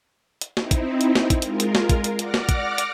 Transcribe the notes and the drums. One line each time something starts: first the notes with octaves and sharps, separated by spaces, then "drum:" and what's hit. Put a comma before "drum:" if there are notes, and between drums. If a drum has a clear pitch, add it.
drum: hi-hat
C4 D#4 E4, drum: snare
drum: kick, hi-hat
drum: hi-hat
drum: snare
drum: kick, hi-hat
G#3 F4 A#4, drum: hi-hat
drum: hi-hat
drum: snare
drum: kick, hi-hat
drum: hi-hat
D5 F#5 D6 F6 A#6, drum: hi-hat
drum: snare
drum: kick, hi-hat
drum: hi-hat